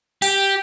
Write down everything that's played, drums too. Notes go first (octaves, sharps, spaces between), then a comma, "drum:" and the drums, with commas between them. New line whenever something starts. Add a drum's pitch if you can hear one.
G4, drum: open hi-hat